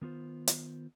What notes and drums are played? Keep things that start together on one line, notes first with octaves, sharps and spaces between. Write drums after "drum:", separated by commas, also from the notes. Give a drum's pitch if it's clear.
D#3 B3 F4 C5
drum: hi-hat